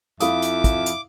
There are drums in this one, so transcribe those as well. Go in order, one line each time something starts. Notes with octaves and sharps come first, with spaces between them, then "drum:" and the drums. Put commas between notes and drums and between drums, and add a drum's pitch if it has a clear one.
F2 E4 E5 F5 D6 D#6, drum: hi-hat
drum: hi-hat
drum: kick, hi-hat
drum: hi-hat